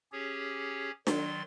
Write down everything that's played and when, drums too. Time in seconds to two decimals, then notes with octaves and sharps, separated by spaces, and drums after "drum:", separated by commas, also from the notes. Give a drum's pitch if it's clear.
0.12 C#4 G4 G#4 C#5
1.07 D#3 F#3 C6 A6, drum: snare D4